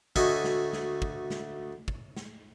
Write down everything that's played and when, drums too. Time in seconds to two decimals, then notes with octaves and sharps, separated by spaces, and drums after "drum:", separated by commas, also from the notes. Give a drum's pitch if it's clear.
0.16 D2 A3 F#4 D#5 G#5, drum: kick
0.44 drum: snare
0.73 drum: snare
1.02 drum: kick
1.30 drum: snare
1.88 drum: kick
2.16 drum: snare